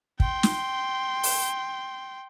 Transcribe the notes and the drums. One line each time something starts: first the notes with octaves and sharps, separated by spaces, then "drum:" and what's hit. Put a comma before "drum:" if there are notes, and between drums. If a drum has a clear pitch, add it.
G5 C6, drum: kick
drum: snare
drum: open hi-hat